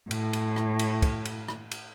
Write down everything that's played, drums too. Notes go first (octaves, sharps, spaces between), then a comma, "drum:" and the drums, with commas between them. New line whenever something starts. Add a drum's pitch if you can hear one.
A2, drum: cymbal
drum: cymbal
drum: rim click
drum: cymbal
drum: kick, cymbal
drum: cymbal
drum: rim click
drum: cymbal